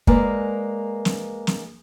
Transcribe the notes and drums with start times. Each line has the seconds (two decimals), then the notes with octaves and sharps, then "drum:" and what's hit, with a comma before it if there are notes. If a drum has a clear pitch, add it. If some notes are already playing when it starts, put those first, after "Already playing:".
0.07 G#3 A#3 A#4 B4 D5, drum: kick
1.05 drum: snare
1.47 drum: snare